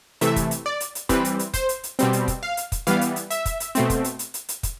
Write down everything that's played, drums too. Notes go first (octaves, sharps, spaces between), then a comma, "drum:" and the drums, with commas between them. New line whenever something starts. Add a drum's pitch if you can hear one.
C3 E3 A3 E5, drum: hi-hat
drum: kick, hi-hat
drum: hi-hat
D5
drum: hi-hat
drum: hi-hat
E3 G3 C4 B4, drum: kick, hi-hat
drum: hi-hat
drum: hi-hat
C5, drum: kick, hi-hat
drum: hi-hat
drum: hi-hat
B2 G3 C4, drum: hi-hat
drum: hi-hat
drum: kick, hi-hat
F5
drum: hi-hat
drum: kick, hi-hat
E3 G3 B3 F5, drum: hi-hat
drum: hi-hat
drum: hi-hat
E5, drum: hi-hat
drum: kick, hi-hat
drum: hi-hat
B2 A3 C4, drum: hi-hat
drum: kick, hi-hat
drum: hi-hat
drum: hi-hat
drum: hi-hat
drum: hi-hat
drum: kick, hi-hat